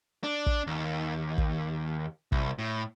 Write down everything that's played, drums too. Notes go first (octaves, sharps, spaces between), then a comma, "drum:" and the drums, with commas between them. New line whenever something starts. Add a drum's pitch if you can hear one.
D4
drum: kick
D#2
drum: kick
C2, drum: kick
A2